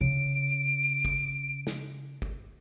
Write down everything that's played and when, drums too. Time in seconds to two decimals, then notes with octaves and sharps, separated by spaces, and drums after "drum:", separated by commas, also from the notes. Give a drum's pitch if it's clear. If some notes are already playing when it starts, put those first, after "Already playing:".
0.01 C#3 D7
1.05 drum: kick
1.67 drum: snare
2.22 drum: kick